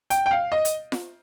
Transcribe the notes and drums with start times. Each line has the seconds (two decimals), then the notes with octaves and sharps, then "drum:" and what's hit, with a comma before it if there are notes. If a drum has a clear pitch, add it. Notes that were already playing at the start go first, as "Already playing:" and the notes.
0.10 G5, drum: hi-hat
0.26 G5
0.31 F5
0.52 D#5
0.65 drum: hi-hat
0.92 drum: snare F4